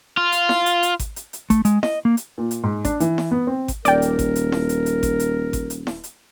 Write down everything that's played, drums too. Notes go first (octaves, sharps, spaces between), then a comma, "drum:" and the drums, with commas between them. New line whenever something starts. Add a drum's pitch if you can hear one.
F4
drum: hi-hat
drum: snare E4
drum: hi-hat
drum: hi-hat
drum: kick G#1, hi-hat
drum: hi-hat
drum: hi-hat
A3, drum: kick G#1, hi-hat
G#3, drum: hi-hat
D#5, drum: snare E4
A#3
drum: hi-hat
A#2
drum: hi-hat
G#2
D4, drum: kick G#1, hi-hat
E3, drum: hi-hat
drum: snare E4
B3
C4
drum: kick G#1, hi-hat
D#1 A#4 D5 G5, drum: hi-hat
drum: hi-hat
drum: kick G#1, hi-hat
drum: hi-hat
drum: snare E4
drum: hi-hat
drum: hi-hat
drum: kick G#1, hi-hat
drum: hi-hat
drum: kick G#1, hi-hat
drum: hi-hat
drum: snare E4
drum: hi-hat